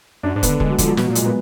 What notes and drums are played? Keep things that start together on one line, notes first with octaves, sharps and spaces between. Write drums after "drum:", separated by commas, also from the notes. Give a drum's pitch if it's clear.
F#2 D4
G#2 D4
B3, drum: kick, hi-hat
D3
D3 G#3, drum: kick
F#3
D3 F3, drum: kick, hi-hat
F#3
B2 F3, drum: snare
F#3
A#2
G#3, drum: hi-hat
A#2
B3